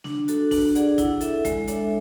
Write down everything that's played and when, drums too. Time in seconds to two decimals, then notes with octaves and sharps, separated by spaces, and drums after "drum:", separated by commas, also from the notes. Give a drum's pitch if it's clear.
0.04 D4, drum: snare
0.28 F#4 A4, drum: hi-hat
0.51 D4, drum: kick, open hi-hat
0.75 G#4 D5 F#5, drum: hi-hat
0.98 E4, drum: kick, hi-hat
1.21 A4 E5, drum: hi-hat
1.45 G#3, drum: kick, hi-hat
1.68 D4 A4 C#5 E5, drum: hi-hat